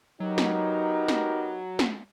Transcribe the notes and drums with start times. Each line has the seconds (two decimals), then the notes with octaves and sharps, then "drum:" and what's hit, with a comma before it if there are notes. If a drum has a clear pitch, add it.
0.20 F#3 B3 D#4 G4 A#4
0.38 drum: snare
1.08 drum: snare
1.79 drum: snare